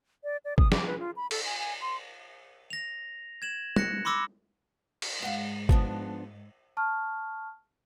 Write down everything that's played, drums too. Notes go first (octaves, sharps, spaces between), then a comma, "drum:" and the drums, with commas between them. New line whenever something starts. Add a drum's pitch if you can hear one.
D5
D5
D#6, drum: kick G1
D6, drum: snare
B4
F4
B5
A4, drum: cymbal
G#5
G#5
C6
A#6 F7
G#6 E7 F#7
F#6 A#6 C#7, drum: tom
B5 C6 D6 E6 A#6
drum: cymbal
G#2 F5 F#5
F3 B3 D4, drum: kick G1
A5 C#6 F6